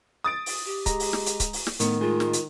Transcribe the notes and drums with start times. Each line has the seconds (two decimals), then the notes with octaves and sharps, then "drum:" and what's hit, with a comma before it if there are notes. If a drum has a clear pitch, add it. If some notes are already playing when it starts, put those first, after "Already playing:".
0.24 D#6 A6 D7
0.46 drum: open hi-hat
0.66 G4
0.86 G#3 A#5, drum: kick C#1, hi-hat
1.00 drum: open hi-hat
1.13 drum: snare
1.26 drum: hi-hat
1.40 drum: kick C#1, hi-hat
1.53 drum: open hi-hat
1.67 drum: snare
1.80 A2 D#3 A3 B3, drum: hi-hat
2.01 G#3 F4
2.20 drum: snare
2.33 drum: hi-hat